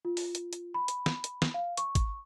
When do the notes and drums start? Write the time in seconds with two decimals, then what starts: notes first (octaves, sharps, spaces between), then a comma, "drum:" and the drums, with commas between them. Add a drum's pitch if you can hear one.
0.05 F4
0.17 drum: open hi-hat
0.35 drum: hi-hat
0.53 drum: hi-hat
0.74 B5
0.88 drum: hi-hat
1.06 drum: snare
1.24 drum: hi-hat
1.42 drum: snare
1.54 F5
1.77 C#6, drum: hi-hat
1.95 drum: kick, hi-hat